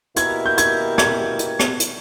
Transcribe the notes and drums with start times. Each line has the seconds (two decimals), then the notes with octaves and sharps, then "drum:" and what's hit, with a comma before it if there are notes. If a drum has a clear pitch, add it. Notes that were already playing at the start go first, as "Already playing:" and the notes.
0.16 B2 A#3 E4 G4 A#4 G#6, drum: hi-hat
0.46 G6
0.58 G#6, drum: hi-hat
0.98 G#6, drum: rim click
1.39 drum: hi-hat
1.59 drum: rim click
1.80 drum: hi-hat